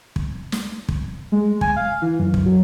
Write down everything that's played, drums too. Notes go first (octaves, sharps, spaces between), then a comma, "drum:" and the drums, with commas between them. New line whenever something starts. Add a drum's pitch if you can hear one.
drum: kick
drum: snare
drum: kick
G#3
G#5, drum: kick
F5
E3
F#2
drum: kick
F#3